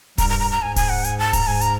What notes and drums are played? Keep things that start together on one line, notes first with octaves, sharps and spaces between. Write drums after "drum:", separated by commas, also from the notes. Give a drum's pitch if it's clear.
G2 A#5, drum: kick D1, open hi-hat
A#5
A#5
A#5
G#2 G#5
G#5, drum: kick D1, open hi-hat
F#5
G#5, drum: hi-hat
A5
A#5, drum: kick D1, open hi-hat
G#2 G#5
A#5, drum: hi-hat